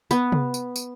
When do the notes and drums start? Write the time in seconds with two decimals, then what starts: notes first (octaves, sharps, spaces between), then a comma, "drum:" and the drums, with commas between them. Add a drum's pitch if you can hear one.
0.11 B3, drum: tambourine
0.32 drum: tom C3
0.54 drum: tambourine
0.76 drum: tambourine